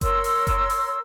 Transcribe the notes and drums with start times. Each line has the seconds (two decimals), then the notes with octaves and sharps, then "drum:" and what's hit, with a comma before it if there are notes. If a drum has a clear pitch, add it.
0.01 A#4 C#5 C6 E6, drum: kick F#1, hi-hat
0.24 drum: open hi-hat
0.47 drum: kick F#1, hi-hat
0.70 drum: open hi-hat